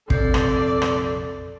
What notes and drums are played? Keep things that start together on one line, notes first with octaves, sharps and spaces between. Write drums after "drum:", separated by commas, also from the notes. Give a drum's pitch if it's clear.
A#1 F2 C3 C4 A4 D5, drum: kick
drum: rim click
drum: rim click